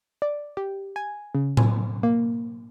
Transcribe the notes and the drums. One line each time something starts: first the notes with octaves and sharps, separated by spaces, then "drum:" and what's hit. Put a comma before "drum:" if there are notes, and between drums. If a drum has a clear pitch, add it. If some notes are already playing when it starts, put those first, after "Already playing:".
D5
G4
G#5
C#3
G#5, drum: tom A2
A#3